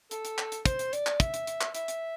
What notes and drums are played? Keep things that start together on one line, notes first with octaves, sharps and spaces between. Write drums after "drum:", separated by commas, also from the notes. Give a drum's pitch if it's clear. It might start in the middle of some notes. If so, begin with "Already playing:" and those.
A4, drum: hi-hat
drum: hi-hat
drum: clap
drum: hi-hat
C5, drum: kick, hi-hat
drum: hi-hat
D5, drum: hi-hat
drum: clap
E5, drum: kick, hi-hat
drum: hi-hat
drum: hi-hat
drum: clap
E5, drum: hi-hat
drum: hi-hat